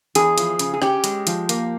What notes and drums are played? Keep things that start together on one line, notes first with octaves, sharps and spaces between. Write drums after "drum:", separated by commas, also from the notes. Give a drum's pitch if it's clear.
E2 G#4, drum: hi-hat
F3, drum: hi-hat
C#3, drum: hi-hat
G#4
C#4 G4, drum: rim click
G#3, drum: hi-hat
F3, drum: hi-hat
A#3, drum: hi-hat